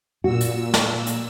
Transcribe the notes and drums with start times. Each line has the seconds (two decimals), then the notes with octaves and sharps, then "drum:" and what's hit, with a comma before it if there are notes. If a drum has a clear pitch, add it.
0.24 A#2 F#4 E6
0.41 drum: hi-hat
0.74 drum: snare
1.07 drum: hi-hat